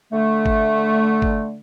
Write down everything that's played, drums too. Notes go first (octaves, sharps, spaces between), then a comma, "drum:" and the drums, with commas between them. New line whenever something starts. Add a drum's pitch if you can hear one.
D3 A3
drum: kick
drum: kick